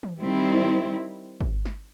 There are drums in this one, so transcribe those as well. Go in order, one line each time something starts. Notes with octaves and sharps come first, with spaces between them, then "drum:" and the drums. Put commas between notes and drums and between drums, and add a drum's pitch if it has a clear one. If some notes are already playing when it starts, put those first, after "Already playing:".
drum: tom
D#3 G3 C4 E4
drum: kick
drum: snare